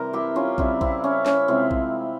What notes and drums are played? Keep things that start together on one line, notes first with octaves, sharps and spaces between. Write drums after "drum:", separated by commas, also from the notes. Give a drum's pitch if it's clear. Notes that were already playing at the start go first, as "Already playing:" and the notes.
Already playing: C3 E3 G3 A#4 C5
E4 G4
C#4 F4
C#3 G3 C4 E4, drum: kick A#1
C4 E4, drum: kick A#1
C#4
C#4, drum: snare
C3 F3 G#3 C4 E4
drum: kick A#1